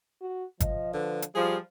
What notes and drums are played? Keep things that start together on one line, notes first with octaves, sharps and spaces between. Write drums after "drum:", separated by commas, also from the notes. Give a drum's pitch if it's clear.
F#4
F3 D#5, drum: kick G1, hi-hat
D3 B4
drum: hi-hat
F3 G3 G#4 F5